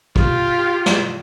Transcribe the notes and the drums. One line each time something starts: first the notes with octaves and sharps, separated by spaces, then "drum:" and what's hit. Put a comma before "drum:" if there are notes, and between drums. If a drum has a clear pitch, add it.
F4 G4, drum: kick
drum: snare